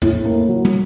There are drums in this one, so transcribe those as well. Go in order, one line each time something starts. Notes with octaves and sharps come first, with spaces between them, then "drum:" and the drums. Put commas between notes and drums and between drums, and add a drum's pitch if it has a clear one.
A2, drum: tom E2
A#3
F#3
drum: tom